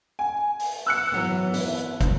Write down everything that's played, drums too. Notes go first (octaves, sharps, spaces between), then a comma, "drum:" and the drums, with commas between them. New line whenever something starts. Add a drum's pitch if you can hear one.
G#5
drum: open hi-hat
E6 F#6 C#7
E3 F#3 B3
E4, drum: open hi-hat
drum: hi-hat
drum: kick, hi-hat